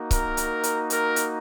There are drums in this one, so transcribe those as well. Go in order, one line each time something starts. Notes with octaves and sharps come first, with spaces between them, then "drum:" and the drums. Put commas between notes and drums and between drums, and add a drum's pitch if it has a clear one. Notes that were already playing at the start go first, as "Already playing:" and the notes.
Already playing: A#3 D#4 F#4
A#4, drum: kick C#1, hi-hat
drum: hi-hat
drum: hi-hat
A#4, drum: hi-hat
drum: hi-hat